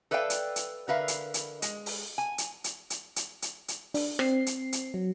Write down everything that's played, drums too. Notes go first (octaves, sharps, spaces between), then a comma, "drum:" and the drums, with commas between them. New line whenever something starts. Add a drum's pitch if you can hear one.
A4 B4 D5 E5 F5 G5
drum: hi-hat
drum: hi-hat
D3 A#4 B4 E5 F5
drum: hi-hat
drum: hi-hat
G#3, drum: hi-hat
drum: open hi-hat
G#5
drum: hi-hat
drum: hi-hat
drum: hi-hat
drum: hi-hat
drum: hi-hat
drum: hi-hat
D4, drum: open hi-hat
C4 C7, drum: rim click
drum: hi-hat
drum: hi-hat
F#3